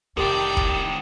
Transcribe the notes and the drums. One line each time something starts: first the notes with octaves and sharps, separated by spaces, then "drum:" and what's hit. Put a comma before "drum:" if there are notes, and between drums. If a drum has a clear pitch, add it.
F1 F2 A2 D#3 G4 A#4 D5 G5
drum: kick